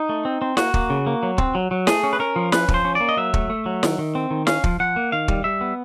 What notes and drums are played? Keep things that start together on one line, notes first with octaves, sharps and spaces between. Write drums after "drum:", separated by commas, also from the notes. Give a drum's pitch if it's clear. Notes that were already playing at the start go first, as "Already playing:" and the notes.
Already playing: D#4
A3
C4
C4
A#3 F#4, drum: snare
A#3, drum: kick
C#3
A#3
F#3
C4, drum: kick
F#3
F#3
A3 G#4, drum: snare
C#4
B4
C#4 A#4
F3
C#4 B4, drum: snare
F3, drum: kick
C5
C#4
D5
A#3
D#5
F#3 E5
A3, drum: kick
A3
F#3
D#3, drum: snare
D#3
C4
D#3
C#4 F5, drum: snare
F3, drum: kick
F3 F#5
A#3
D#3 F5
G3, drum: kick
G3 E5
B3